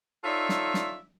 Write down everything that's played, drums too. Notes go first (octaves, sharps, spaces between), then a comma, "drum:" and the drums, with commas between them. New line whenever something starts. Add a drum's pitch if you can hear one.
D#4 F4 A4 C#5 D5 E5
drum: snare
drum: snare